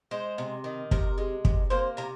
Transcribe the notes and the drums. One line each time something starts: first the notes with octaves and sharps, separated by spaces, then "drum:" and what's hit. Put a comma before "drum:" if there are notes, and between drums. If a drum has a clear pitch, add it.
G#3 C5
C3
D#3
C3 A#4, drum: kick
G#3
C3, drum: kick
A#3 C5
C3 A#4